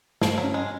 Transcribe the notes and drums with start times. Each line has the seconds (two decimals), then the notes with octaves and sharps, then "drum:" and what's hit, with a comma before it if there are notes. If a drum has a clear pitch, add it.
0.22 G2 F3, drum: snare
0.38 F#3
0.44 C#4
0.54 G#3